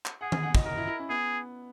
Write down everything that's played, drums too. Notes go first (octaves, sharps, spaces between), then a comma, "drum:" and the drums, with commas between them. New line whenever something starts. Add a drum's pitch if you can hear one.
drum: clap
G#4 F#5
G#5, drum: tom D#3
F#5
D#5, drum: kick
A#4 D#5
E4
E4
C#4
B3 G#4